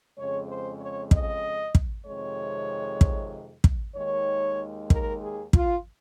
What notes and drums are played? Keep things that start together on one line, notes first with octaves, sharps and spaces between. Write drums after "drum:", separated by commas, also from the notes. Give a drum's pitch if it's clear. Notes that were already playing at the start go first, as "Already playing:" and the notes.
F2 C#3 G#3 C#5
C5
C#5
D#5, drum: kick
drum: kick
F2 C3 D#3 G#3 C#5
drum: kick
drum: kick
D#2 D#3 G#3 C#5
A#4, drum: kick
G#4
F4, drum: kick